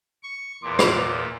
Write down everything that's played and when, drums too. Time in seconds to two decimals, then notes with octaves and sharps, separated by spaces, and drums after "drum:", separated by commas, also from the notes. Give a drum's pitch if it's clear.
0.23 C#6
0.63 E2 A#2 C6 D6
0.79 drum: rim click